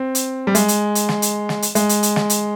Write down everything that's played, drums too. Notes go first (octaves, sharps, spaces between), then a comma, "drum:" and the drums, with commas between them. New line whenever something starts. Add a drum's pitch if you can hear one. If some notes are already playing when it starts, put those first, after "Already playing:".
Already playing: C4
drum: hi-hat
G3
G#3, drum: hi-hat
drum: hi-hat
drum: hi-hat
drum: snare
drum: hi-hat
drum: snare
drum: hi-hat
G#3, drum: hi-hat
drum: hi-hat
drum: hi-hat
drum: snare
drum: hi-hat